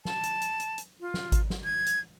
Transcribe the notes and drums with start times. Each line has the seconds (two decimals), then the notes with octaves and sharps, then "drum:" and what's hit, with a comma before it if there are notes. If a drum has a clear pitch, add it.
0.05 A5, drum: snare
0.23 drum: hi-hat
0.42 drum: hi-hat
0.60 drum: hi-hat
0.78 drum: hi-hat
1.00 F4
1.14 drum: snare
1.32 drum: kick G#1, hi-hat
1.50 drum: snare
1.64 G#6
1.86 drum: hi-hat